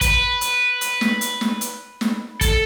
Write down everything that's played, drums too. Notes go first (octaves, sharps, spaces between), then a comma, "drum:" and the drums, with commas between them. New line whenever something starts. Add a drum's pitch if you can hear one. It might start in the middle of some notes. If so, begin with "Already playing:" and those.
B4, drum: kick, hi-hat
drum: hi-hat
drum: hi-hat
drum: snare
drum: hi-hat
drum: snare
drum: hi-hat
drum: snare
A4, drum: kick, hi-hat